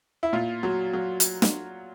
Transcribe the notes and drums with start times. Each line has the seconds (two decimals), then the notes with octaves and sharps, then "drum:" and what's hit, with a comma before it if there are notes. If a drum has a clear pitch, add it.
0.23 E4
0.33 A#2 F4
0.63 F#3
0.93 F#3
1.20 drum: hi-hat
1.42 drum: snare